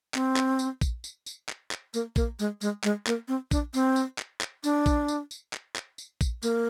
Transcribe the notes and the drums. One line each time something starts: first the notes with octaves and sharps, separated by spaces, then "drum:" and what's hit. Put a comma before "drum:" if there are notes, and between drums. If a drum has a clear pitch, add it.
C4, drum: clap
drum: clap
drum: tambourine
drum: kick A#1, tambourine
drum: tambourine
drum: tambourine
drum: clap
drum: clap
A#3, drum: tambourine
A#3, drum: kick A#1, tambourine
G#3, drum: tambourine
G#3, drum: tambourine
G#3, drum: clap
A#3, drum: clap
C4
D4, drum: kick A#1, tambourine
C4, drum: tambourine
drum: tambourine
drum: clap
drum: clap
D4, drum: tambourine
drum: kick A#1, tambourine
drum: tambourine
drum: tambourine
drum: clap
drum: clap
drum: tambourine
drum: kick A#1, tambourine
A#3, drum: tambourine